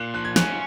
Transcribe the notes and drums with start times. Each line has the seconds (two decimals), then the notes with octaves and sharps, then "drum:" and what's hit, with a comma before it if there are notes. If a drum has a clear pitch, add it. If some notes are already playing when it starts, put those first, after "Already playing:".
Already playing: A#2 F#6
0.14 F3 F#6
0.25 G#6
0.36 C#4 F#6, drum: snare